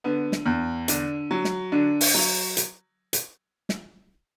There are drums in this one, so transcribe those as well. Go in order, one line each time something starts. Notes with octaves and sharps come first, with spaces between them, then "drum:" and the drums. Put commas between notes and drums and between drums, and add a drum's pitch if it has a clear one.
D3 B3
drum: snare
E2
D3 D4, drum: hi-hat
F#3
drum: snare
D3 D4
drum: open hi-hat
F#3
drum: hi-hat
drum: hi-hat
drum: snare